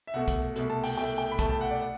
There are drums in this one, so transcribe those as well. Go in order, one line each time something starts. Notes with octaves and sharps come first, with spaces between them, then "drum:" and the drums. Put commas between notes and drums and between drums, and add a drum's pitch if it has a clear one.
E5
C2 B2 A3 F#5
drum: kick, hi-hat
C2 B2 A3, drum: hi-hat
A5
G5, drum: open hi-hat
C2 B2 A3 G5
G5
B5
C2 B2 A3 A5, drum: kick, hi-hat
A5
F#5
D5
F#5